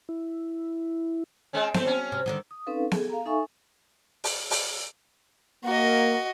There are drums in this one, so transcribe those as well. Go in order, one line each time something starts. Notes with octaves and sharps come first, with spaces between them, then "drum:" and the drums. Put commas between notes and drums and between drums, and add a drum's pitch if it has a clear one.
E4
G#3 C4 C#4
A3 C4 G4 C5, drum: snare B3
F#3 C#4
C3
D3 D#3 F#3
D#6
C4 C#4 D#4 A4 B4 F5
G#4 A4, drum: snare B3
F5 A#5
D#4 A4 E5 G#5 C#6
drum: open hi-hat
drum: open hi-hat
A#3 F#4 D#5